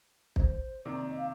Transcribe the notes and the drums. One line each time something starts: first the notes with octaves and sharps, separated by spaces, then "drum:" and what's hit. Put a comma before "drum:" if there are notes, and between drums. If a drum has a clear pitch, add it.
C5, drum: kick
C3 D#3 D5
D#5
F5